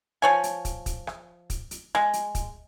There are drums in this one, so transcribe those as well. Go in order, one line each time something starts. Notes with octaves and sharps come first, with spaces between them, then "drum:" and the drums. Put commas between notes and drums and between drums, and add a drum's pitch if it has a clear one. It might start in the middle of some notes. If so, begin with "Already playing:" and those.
F3 C#5 G#5, drum: rim click
drum: hi-hat
drum: kick, hi-hat
drum: kick, hi-hat
drum: rim click
drum: kick, hi-hat
drum: hi-hat
G#3, drum: rim click
drum: hi-hat
drum: kick, hi-hat